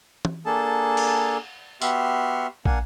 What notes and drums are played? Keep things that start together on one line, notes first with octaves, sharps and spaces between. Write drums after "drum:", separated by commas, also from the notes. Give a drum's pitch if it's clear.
drum: tom
A#3 D4 G#4 A4 A5
drum: cymbal
B3 F#4 G4 E5 C6 F6, drum: tambourine
A#3 D4 F5 F#5 G#5, drum: kick